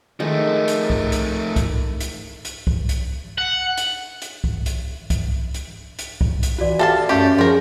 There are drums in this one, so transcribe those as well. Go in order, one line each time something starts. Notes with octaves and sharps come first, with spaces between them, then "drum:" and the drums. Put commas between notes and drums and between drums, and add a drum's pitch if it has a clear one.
D#3 F3 G#3 A3
drum: hi-hat
drum: kick C2
drum: hi-hat
drum: kick C2, hi-hat
drum: hi-hat
drum: hi-hat
drum: kick C2
drum: hi-hat
F#5
drum: hi-hat
drum: hi-hat
drum: kick C2
drum: hi-hat
drum: kick C2, hi-hat
drum: hi-hat
drum: hi-hat
drum: kick C2
drum: hi-hat
E3 F4 F#4 D5
G4 A4 F5 A5
F#2 A3 C#4 G4
F3 C4 G#4 A#4